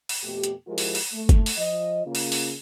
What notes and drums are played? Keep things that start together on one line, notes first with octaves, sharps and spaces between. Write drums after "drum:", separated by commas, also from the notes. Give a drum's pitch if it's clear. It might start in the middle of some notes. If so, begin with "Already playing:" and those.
drum: open hi-hat
F2 B2 A3 G4
drum: hi-hat
F3 G#3 E4 F4 G4 A#4
drum: open hi-hat
drum: open hi-hat
A3
drum: kick, hi-hat
drum: open hi-hat
F3 D#5
C#3 A#3 F4
drum: open hi-hat
drum: open hi-hat